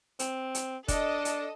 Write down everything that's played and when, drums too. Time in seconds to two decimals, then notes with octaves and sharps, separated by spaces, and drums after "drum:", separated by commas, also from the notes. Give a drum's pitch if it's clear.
0.19 C4, drum: hi-hat
0.55 drum: hi-hat
0.88 D4 A4 D#5, drum: kick F1, hi-hat
1.25 drum: hi-hat